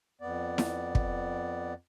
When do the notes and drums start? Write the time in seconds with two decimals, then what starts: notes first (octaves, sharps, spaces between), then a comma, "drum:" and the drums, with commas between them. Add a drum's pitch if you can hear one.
0.21 F2 B3 D5
0.58 drum: snare E4
0.95 drum: kick